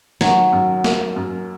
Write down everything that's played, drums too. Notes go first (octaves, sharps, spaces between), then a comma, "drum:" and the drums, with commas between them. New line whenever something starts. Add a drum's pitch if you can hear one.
D#3 F#3, drum: snare
F#2
A#3, drum: snare
F#2